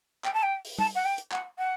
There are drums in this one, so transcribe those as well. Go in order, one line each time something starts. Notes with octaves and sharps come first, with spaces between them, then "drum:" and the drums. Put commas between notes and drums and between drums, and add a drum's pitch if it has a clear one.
G5, drum: clap
A5
G5
drum: open hi-hat
A5, drum: tom
F#5
G5
drum: hi-hat
F#5, drum: clap
F#5